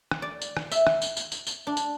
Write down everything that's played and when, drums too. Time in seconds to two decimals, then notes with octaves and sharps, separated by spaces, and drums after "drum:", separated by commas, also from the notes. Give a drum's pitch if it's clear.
0.11 drum: rim click
0.22 D5
0.42 drum: tambourine
0.57 drum: rim click
0.72 E5, drum: tambourine
0.87 drum: rim click
1.02 drum: tambourine
1.17 drum: tambourine
1.32 drum: tambourine
1.47 drum: tambourine
1.67 D4
1.77 drum: tambourine